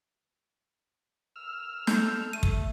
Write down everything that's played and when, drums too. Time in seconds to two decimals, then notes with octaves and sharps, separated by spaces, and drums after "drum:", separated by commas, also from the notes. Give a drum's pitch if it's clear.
1.36 E6 F6
1.87 A4 G6, drum: snare
2.33 A3 D#7
2.43 drum: kick